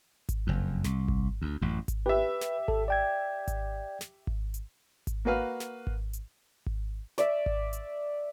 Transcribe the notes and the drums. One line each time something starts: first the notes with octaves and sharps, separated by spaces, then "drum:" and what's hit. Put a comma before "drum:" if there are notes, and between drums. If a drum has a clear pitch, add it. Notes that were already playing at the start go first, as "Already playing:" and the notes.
drum: kick G#1, hi-hat
F#1 F2
C2, drum: snare
drum: kick G#1
D2
A1 F#2
drum: kick G#1, hi-hat
G4 B4 E5
drum: snare
A4, drum: kick G#1
D5 G5 G#6
drum: kick G#1, hi-hat
drum: snare
drum: kick G#1
drum: hi-hat
drum: kick G#1, hi-hat
A#3 F#4 B4 F5
drum: snare
drum: kick G#1
drum: hi-hat
drum: kick G#1
D5 E5, drum: snare
drum: kick G#1
drum: hi-hat